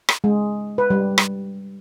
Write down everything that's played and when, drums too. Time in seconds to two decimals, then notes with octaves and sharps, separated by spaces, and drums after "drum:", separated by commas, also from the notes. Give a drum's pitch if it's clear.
0.09 drum: rim click
0.24 G#3
0.78 B4
0.90 G3
1.18 drum: rim click